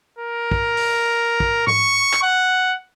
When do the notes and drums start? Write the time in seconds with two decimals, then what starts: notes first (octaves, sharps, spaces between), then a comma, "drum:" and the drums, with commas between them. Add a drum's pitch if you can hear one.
0.19 A#4
0.51 drum: kick
0.77 drum: open hi-hat
1.40 drum: kick
1.67 C#6, drum: tom G#2
2.13 drum: clap
2.23 F#5